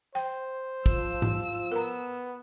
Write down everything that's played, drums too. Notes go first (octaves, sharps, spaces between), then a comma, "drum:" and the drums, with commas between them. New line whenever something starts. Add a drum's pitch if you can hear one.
C5 G5
F3 E6, drum: kick
drum: tom G#2
B3 A#4 A#5